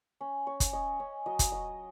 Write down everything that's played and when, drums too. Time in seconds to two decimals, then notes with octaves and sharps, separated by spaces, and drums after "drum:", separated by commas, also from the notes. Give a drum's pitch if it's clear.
0.21 C#4
0.47 C#4 C#5
0.60 drum: kick, hi-hat
0.73 C#4 D#5
1.00 C#4
1.26 F#3 D#5
1.39 drum: kick, hi-hat
1.52 F#3 D#5